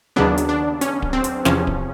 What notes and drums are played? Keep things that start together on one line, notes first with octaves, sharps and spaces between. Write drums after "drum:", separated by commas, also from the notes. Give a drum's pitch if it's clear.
D#2 C#3 F#3 B3 D4
drum: hi-hat
D4
C#4, drum: hi-hat
drum: kick D1
C4
drum: hi-hat
E2 C3 F3 C#4, drum: snare
drum: kick D1